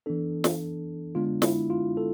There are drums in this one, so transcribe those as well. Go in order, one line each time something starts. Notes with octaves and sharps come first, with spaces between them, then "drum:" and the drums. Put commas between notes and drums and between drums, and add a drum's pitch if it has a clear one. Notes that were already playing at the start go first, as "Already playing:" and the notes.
E3 B3 D4 A4
drum: snare
D3 G#3 B3 D4 F4
E4, drum: snare
F4
A4